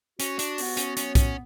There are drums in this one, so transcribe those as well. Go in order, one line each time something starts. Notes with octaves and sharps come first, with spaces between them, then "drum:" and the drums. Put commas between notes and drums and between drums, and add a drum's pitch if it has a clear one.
C#4 F#4, drum: hi-hat
D4, drum: hi-hat
B3, drum: open hi-hat
C#4, drum: hi-hat
F#3 C#4, drum: hi-hat
C#4, drum: kick, hi-hat